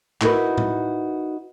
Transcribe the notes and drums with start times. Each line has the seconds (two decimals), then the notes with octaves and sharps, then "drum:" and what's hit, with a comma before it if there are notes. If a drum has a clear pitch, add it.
0.21 D#4 E4 F#4 A#4 B4, drum: clap
0.58 drum: tom A2